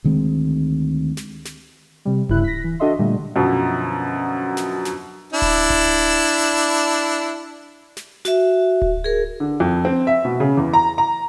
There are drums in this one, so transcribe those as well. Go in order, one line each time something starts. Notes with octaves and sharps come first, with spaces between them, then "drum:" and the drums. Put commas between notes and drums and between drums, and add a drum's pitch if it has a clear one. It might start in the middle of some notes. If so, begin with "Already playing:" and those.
D2 D#3 G#3 C4
drum: snare
drum: snare
C3 G3
G2 C#3 E4 F#6, drum: kick D1
A#6 B6
E3
D4 F#4 A4 D#5 E5 C6
A#2 D3 G3 A3
F#2 B2 D3 F3
drum: snare
drum: snare
D4 E4
drum: kick D1
drum: kick D1
drum: snare
F#4 E5, drum: snare
drum: kick D1
G#4 A#4
D3
F2
C4
E5
B2
C#3
E2
A#5
A#5